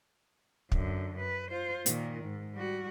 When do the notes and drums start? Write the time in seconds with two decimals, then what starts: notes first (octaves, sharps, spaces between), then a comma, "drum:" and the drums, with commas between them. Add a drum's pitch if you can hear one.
0.72 F#2 D3, drum: kick
1.20 B4
1.51 F4 C5
1.86 A#2 D#3, drum: hi-hat
2.25 G#2
2.55 G3 F#4